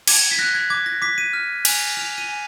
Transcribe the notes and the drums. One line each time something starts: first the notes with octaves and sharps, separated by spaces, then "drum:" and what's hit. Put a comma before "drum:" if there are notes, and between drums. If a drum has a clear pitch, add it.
D6 G#6, drum: cymbal
B6
F#6 A#6
G#6
D6 G#6
A#6
D6 B6
D#7
F6
G#5, drum: cymbal
F6 F7
D#7
G#5